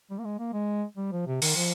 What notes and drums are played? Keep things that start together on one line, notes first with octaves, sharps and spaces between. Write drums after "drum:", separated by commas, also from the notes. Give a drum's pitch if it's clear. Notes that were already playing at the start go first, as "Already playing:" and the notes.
G3
A#3
G#3
A#3
G#3
G3
F3
C3
D#3, drum: open hi-hat
F3